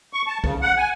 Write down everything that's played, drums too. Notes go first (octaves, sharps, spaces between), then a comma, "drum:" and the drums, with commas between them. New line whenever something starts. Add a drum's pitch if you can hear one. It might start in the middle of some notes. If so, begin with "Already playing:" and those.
C#6
A5
C#3, drum: kick B1
F#5
G#5